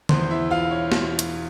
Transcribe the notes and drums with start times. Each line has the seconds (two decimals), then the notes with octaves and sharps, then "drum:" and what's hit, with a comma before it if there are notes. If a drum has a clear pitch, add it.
0.09 E2 C5 C6, drum: tom D3
0.30 E4 E5
0.50 E1 F4 F5
0.71 C#5
0.92 drum: snare
1.19 drum: hi-hat